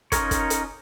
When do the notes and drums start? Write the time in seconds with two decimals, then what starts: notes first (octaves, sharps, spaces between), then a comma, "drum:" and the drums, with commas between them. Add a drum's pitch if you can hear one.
0.12 C#4 D#4 F4 A#4 C#5, drum: kick, hi-hat
0.31 drum: kick, hi-hat
0.50 drum: hi-hat